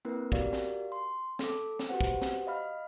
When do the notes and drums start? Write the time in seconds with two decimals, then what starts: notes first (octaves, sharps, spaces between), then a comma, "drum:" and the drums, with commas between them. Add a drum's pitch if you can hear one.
0.05 A#3 C4 E4 A#4 B4
0.32 F#4 G4 A#4 D5 F5, drum: kick
0.53 drum: snare
0.92 C6
1.39 A4 D6, drum: snare
1.79 drum: snare
1.89 F#4 G4 B4 C5 F#5
2.01 drum: kick
2.22 drum: snare
2.47 D#5 F5 B5 F6